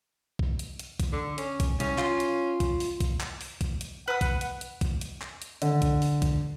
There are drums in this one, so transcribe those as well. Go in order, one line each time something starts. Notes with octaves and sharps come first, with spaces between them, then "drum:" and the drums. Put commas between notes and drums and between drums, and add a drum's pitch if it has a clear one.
drum: kick
drum: hi-hat
drum: hi-hat
drum: kick, hi-hat
D3
C#4, drum: hi-hat
drum: kick, hi-hat
C2 C#4, drum: hi-hat
F4, drum: clap
drum: hi-hat
drum: kick, hi-hat
drum: open hi-hat
drum: kick, hi-hat
drum: clap
drum: open hi-hat
drum: kick, hi-hat
drum: hi-hat
B4 F#5 D#6
drum: kick, hi-hat
drum: hi-hat
drum: hi-hat
drum: kick, hi-hat
drum: hi-hat
drum: clap
drum: hi-hat
D3, drum: hi-hat
drum: kick, hi-hat
drum: open hi-hat
drum: kick, hi-hat